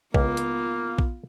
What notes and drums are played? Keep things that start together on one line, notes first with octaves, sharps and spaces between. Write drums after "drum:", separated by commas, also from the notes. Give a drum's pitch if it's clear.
C#2 A#3 B3 F4, drum: kick A#1
drum: hi-hat
drum: kick A#1